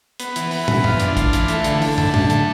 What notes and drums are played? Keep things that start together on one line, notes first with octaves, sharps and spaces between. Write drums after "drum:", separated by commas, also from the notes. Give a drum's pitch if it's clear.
B3, drum: hi-hat
E3, drum: hi-hat
B3, drum: open hi-hat
E3, drum: tom
F4, drum: tom
D4, drum: hi-hat
F4, drum: kick, hi-hat
E3, drum: hi-hat
A3, drum: hi-hat
D3, drum: hi-hat
D3, drum: open hi-hat
A3, drum: tom
D3, drum: tom
A3, drum: hi-hat